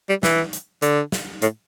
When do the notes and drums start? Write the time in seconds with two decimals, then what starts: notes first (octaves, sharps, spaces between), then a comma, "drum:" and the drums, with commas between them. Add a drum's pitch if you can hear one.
0.09 G3
0.23 E3, drum: snare
0.53 drum: hi-hat
0.82 D3, drum: hi-hat
1.12 drum: snare
1.42 A2, drum: hi-hat